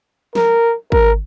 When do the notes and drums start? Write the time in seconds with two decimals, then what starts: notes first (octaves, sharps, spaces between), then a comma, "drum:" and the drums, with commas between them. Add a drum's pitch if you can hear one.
0.35 A#4, drum: snare
0.92 A#4, drum: kick G#1